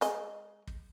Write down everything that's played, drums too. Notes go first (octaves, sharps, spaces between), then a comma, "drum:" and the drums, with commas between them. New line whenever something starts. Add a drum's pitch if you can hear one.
G#3 D#5, drum: hi-hat
drum: kick